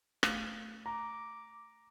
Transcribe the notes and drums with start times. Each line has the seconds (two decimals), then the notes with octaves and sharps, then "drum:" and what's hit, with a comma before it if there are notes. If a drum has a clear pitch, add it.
0.23 A3, drum: rim click
0.86 A#5 D6